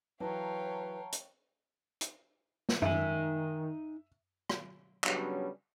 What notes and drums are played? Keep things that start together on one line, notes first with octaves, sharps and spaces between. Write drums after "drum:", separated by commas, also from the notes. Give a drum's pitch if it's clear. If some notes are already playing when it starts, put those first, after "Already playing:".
E3 F#3 B4 C#5 F5 G5 A5 A#5
drum: hi-hat
drum: hi-hat
drum: snare
D#3 D#4 E5 G#5, drum: tom F#2
drum: rim click
C#3 F#3 G3 B3 C#4 D4, drum: clap